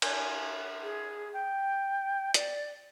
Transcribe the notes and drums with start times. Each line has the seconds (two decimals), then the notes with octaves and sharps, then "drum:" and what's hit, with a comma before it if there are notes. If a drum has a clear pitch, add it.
0.02 G#5, drum: cymbal
0.83 G#4
1.33 G5
2.34 D5, drum: hi-hat